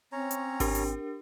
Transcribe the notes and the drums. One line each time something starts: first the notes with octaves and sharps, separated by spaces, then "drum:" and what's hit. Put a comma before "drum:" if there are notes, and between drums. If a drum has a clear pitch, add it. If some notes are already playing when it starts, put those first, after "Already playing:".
C4 C#4 C#5 A#5
drum: hi-hat
D4 G4 A#4, drum: kick G#1, open hi-hat
drum: hi-hat